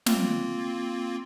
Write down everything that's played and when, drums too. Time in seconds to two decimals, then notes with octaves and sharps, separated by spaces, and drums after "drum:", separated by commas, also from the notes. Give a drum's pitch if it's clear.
0.06 A#3 C4 F4, drum: snare